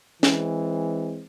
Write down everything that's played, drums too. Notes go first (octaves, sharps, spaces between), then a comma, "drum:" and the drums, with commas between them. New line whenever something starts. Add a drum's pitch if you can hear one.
E3 G#3 C4, drum: snare